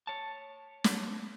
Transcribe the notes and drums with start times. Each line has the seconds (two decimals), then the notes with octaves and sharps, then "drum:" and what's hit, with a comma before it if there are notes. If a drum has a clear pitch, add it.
0.07 C#5 A5
0.84 drum: snare